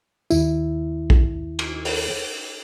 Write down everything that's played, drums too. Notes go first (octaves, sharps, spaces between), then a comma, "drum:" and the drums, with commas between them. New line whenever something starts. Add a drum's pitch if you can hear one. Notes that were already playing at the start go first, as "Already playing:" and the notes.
D#2 E4, drum: tambourine
drum: kick A#1
drum: cymbal
drum: open hi-hat